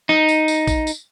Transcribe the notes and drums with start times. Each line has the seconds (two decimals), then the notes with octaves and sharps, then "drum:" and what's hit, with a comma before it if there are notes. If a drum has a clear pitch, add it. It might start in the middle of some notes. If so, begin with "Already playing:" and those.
0.09 D#4, drum: snare
0.29 drum: tambourine
0.48 drum: tambourine
0.67 drum: kick A#1, tambourine
0.87 drum: tambourine